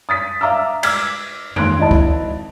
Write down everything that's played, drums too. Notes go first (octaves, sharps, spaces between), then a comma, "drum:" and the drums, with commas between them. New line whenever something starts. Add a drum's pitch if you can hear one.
D#6 A6 B6
E5 F5 A#5 D6 E6
D6 E6 F6 G#6 B6, drum: cymbal
D#2 C6 F#6 G#6 D7, drum: tom F2
G#1 E4 D#5 A5
drum: kick